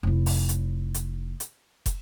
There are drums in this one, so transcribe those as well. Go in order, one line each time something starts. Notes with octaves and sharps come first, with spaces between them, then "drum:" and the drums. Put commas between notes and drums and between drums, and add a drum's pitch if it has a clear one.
F1 E4
drum: open hi-hat
drum: hi-hat
drum: hi-hat
drum: hi-hat
drum: kick, hi-hat